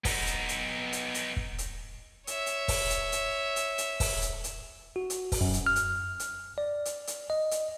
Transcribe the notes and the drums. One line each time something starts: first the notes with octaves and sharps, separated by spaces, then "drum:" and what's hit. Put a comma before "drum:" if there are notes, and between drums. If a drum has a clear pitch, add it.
B3 D#4, drum: kick, open hi-hat
drum: hi-hat
drum: hi-hat
drum: hi-hat
drum: hi-hat
drum: kick
drum: hi-hat
C#5 E5, drum: hi-hat
drum: hi-hat
drum: kick, open hi-hat
drum: hi-hat
drum: hi-hat
drum: hi-hat
drum: hi-hat
drum: kick, open hi-hat
drum: hi-hat
drum: hi-hat
F#4
drum: hi-hat
drum: kick, open hi-hat
F#2
drum: hi-hat
F6
drum: hi-hat
drum: hi-hat
D5
drum: hi-hat
drum: hi-hat
D#5
drum: hi-hat